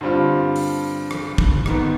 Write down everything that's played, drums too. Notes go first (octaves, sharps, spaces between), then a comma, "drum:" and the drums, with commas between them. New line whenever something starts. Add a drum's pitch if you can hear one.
G2 D3 G3 C4 F4
drum: open hi-hat
drum: rim click
drum: kick
G#2 D#3 B3, drum: rim click